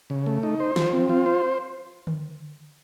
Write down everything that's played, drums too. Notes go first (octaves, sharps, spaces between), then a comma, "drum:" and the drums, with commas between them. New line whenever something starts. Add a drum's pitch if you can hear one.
C#3
A3
D#4
C5
F3, drum: snare
C4
F4
C5
drum: tom D3